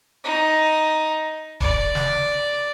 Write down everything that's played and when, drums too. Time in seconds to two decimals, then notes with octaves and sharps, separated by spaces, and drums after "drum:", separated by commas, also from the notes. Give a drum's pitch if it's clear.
0.24 D#4
1.61 D5, drum: kick D#1
1.95 drum: snare